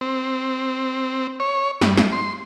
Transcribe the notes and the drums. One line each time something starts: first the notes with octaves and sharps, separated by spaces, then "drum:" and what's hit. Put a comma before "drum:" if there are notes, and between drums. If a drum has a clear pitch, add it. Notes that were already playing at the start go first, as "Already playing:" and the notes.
C4
C#5
G2, drum: snare
drum: snare
C6